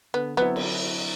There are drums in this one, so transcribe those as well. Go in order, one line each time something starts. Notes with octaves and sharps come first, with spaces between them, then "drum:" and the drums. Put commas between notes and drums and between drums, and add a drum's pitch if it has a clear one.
D3 B3
F#3 B3 C4 E4
drum: cymbal